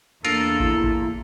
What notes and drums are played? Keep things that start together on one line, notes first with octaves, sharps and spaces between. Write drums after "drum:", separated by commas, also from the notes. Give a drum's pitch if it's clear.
E2 A#3 D4 F4 A4 A#4, drum: hi-hat
E4, drum: kick A1
drum: kick A1